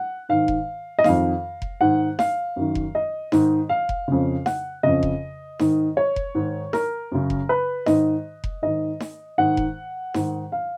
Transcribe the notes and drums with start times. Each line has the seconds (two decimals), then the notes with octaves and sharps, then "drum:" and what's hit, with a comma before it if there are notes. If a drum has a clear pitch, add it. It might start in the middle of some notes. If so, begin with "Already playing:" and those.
Already playing: F#5
0.29 G#2 D#3 F5
0.48 drum: kick F1
0.99 D#5
1.04 F2 D#3 F5, drum: snare D#4
1.62 drum: kick F1
1.81 G#2 D#3 F#5
2.19 F5, drum: snare D#4
2.56 F#2 D#3
2.75 drum: kick F1
2.95 D#5
3.32 G#2 D#3, drum: snare D#4
3.69 F5
3.89 drum: kick F1
4.08 F2 C#3
4.46 F#5, drum: snare D#4
4.83 F2 C#3 D#5
5.03 drum: kick F1
5.59 G#2 D#3, drum: snare D#4
5.97 C#5
6.16 drum: kick F1
6.35 G#2 D#3
6.73 A#4, drum: snare D#4
7.12 F#2 C#3
7.30 drum: kick F1
7.49 B4
7.86 G#2 D#3 D#5, drum: snare D#4
8.44 drum: kick F1
8.62 G#2 D#3 D#5
9.00 drum: snare D#4
9.38 G#2 D#3 F#5
9.57 drum: kick F1
10.14 G#2 D#3, drum: snare D#4
10.52 F5